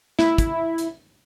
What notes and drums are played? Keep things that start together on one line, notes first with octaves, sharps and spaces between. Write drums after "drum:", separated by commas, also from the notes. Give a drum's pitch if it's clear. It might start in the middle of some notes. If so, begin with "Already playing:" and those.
E4, drum: snare
drum: kick, hi-hat
drum: hi-hat